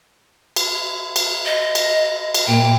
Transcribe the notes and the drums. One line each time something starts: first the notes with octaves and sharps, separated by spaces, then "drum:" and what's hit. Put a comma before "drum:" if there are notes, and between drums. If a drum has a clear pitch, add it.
drum: cymbal
drum: cymbal
D#5
drum: cymbal
drum: cymbal
A#2 A#3 G5